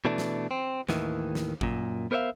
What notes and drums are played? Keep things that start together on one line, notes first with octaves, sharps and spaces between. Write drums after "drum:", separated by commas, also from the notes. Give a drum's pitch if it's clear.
B2 E3 A3 D4
drum: snare
C4
D#2 A2 D#3 E3, drum: snare
drum: snare
F#2 A#2, drum: kick G#1
B3 A#4 C5 C#5 E5 F5